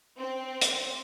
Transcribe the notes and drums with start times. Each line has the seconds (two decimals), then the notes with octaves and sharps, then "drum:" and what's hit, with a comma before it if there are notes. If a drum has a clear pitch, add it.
0.18 C4
0.61 drum: hi-hat